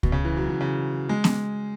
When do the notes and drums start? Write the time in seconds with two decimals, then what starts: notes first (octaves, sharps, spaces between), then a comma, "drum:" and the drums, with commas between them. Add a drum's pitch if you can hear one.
0.03 B2, drum: kick C#2
0.12 C#3
0.25 E3
0.37 F#3
0.49 E3
0.61 C#3
1.09 G#3
1.24 drum: snare B3